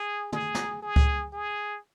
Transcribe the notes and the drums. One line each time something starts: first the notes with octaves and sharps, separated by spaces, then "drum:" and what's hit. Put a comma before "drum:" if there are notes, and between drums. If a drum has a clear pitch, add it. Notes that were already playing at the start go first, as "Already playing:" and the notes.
Already playing: G#4
G#4, drum: tom
drum: snare
G#4
drum: kick C#2
G#4